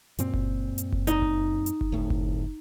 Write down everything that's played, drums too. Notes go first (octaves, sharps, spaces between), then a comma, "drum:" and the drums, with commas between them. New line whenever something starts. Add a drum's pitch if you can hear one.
F#2 A#2 C4, drum: hi-hat
drum: kick F#1
drum: hi-hat
drum: kick F#1
D#4, drum: hi-hat
drum: kick F#1
drum: hi-hat
drum: kick F#1
D1 A2
drum: kick F#1